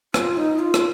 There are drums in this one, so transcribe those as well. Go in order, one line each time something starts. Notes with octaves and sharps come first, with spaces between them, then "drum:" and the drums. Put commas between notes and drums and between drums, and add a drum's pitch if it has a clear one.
F4, drum: rim click
D#4
F4
drum: rim click